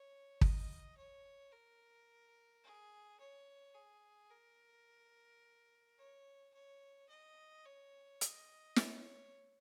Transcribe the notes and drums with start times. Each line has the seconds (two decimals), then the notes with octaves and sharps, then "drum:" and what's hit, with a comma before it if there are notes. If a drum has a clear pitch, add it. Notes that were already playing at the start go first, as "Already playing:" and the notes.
Already playing: C#5
0.41 D#5, drum: kick
0.97 C#5
1.52 A#4
2.63 G#4
3.20 C#5
3.75 G#4
4.30 A#4
5.98 C#5
6.54 C#5
7.09 D#5
7.66 C#5
8.21 D#5, drum: hi-hat
8.76 C#5, drum: snare